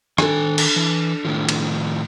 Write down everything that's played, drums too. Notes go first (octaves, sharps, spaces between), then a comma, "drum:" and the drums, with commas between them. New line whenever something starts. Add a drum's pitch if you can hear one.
D#3 D4 A4 G#5, drum: rim click
drum: cymbal
E3
A2 D#3 F3
drum: cymbal